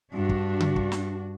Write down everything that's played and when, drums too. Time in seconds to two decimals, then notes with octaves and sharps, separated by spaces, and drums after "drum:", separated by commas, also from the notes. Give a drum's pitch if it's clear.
0.14 G2 D4 F#4
0.29 drum: kick
0.60 drum: tom C#3
0.76 drum: kick
0.92 drum: snare